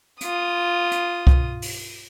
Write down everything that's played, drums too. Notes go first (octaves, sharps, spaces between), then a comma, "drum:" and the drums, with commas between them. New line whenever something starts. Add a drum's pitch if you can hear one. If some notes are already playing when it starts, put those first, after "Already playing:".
F4 D#6, drum: hi-hat
drum: hi-hat
drum: kick C2
drum: open hi-hat